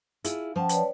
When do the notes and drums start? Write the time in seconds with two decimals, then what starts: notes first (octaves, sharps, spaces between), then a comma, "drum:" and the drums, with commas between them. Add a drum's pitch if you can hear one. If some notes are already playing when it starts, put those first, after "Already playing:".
0.24 E4 F4 G#4, drum: hi-hat
0.56 F3 C#4 F#5 G5 A5
0.69 B4 C#5 D5, drum: hi-hat